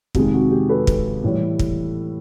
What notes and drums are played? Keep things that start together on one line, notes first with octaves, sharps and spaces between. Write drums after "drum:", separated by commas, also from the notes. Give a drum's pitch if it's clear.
F2 C3 D#3 G#3 G4, drum: kick
F#4
G4
A4 B4
drum: kick
A2 E3 G3
drum: kick